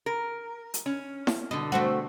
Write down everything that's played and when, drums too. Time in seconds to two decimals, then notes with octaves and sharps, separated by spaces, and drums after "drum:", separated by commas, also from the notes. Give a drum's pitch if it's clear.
0.06 A#4
0.74 drum: hi-hat
0.86 C#4
1.27 drum: snare E4
1.51 B2 D3 D#5
1.72 A3 C4 F#4